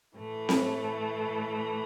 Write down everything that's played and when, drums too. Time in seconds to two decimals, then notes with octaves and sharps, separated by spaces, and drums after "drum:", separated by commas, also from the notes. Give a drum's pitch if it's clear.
0.17 A2 E3 A3
0.49 drum: snare C4